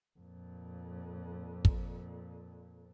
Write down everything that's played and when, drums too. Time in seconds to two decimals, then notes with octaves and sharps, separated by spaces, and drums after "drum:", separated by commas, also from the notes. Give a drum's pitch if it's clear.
0.19 F2 A#2
1.65 drum: kick